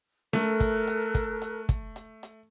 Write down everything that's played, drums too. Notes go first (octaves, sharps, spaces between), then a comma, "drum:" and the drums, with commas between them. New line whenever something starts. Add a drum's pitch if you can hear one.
A3 A4 A#4 F#6, drum: snare
drum: kick, hi-hat
drum: hi-hat
drum: kick, hi-hat
drum: hi-hat
drum: kick, hi-hat
drum: hi-hat
drum: hi-hat